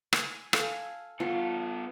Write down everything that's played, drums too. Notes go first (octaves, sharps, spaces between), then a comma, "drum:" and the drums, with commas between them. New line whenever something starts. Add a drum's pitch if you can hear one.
G#5, drum: rim click
A4 F5 G#5, drum: rim click
B3 F4 A4